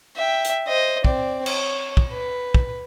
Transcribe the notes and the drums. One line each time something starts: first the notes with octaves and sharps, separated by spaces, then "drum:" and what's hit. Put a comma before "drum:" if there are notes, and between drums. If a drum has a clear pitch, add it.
E5 G5
drum: hi-hat
C5 D#5
C4 D5, drum: kick
C#5, drum: cymbal
drum: kick
B4
drum: kick